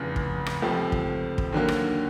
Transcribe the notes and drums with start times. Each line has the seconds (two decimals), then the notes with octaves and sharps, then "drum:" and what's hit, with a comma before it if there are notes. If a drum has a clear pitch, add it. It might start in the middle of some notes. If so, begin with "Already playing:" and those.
Already playing: F1 E2 C#3
0.16 drum: kick
0.46 drum: rim click
0.62 C#2 C3 F3 A3
0.92 drum: kick
1.38 drum: kick
1.53 D#2 D3 F#3 A#3
1.68 drum: rim click